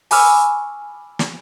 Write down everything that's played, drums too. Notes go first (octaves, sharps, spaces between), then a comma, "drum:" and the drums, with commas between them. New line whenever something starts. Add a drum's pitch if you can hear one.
G#5 B5 C#6 D6 E6 F6, drum: open hi-hat
drum: snare